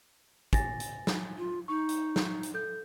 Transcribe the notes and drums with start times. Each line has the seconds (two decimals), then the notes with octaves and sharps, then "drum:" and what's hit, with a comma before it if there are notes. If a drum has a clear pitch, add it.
0.53 G#5 A6 A#6, drum: kick, hi-hat
0.80 drum: hi-hat
1.07 drum: snare
1.37 F4
1.68 D#4 C#6
1.89 drum: hi-hat
2.16 drum: snare
2.43 drum: hi-hat
2.54 A4 G6